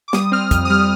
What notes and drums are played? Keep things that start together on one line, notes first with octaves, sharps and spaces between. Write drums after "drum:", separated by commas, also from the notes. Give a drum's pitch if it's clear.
D6
G3 D#6, drum: snare
C4 F6
F2 F6, drum: kick, hi-hat
D#6
G3 F6